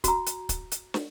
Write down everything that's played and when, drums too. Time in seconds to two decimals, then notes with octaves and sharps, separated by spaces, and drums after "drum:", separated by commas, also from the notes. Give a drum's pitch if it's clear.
0.04 F#4 A#5, drum: kick, hi-hat
0.26 drum: hi-hat
0.49 drum: kick, hi-hat
0.71 drum: hi-hat
0.94 drum: snare